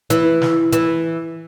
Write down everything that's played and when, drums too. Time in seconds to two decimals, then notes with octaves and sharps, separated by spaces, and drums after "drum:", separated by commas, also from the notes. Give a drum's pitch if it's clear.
0.10 E3, drum: hi-hat
0.42 drum: snare
0.72 E3, drum: hi-hat